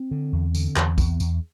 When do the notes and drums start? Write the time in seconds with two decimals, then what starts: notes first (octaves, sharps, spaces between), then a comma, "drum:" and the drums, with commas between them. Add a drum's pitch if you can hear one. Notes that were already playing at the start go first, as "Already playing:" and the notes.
Already playing: C4
0.11 D3
0.33 E2
0.55 D3, drum: tambourine
0.76 E2, drum: clap
0.98 E2, drum: kick, tambourine
1.20 E2, drum: tambourine